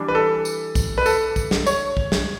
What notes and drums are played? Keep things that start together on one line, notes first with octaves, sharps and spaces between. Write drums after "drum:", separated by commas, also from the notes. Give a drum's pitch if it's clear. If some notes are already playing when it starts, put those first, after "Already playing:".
Already playing: E3 G3 D4
B4
A4
drum: tambourine
drum: kick A#1, tambourine
B4
A4, drum: tambourine
drum: kick A#1, tambourine
drum: snare
C#5, drum: tambourine
drum: kick A#1
drum: snare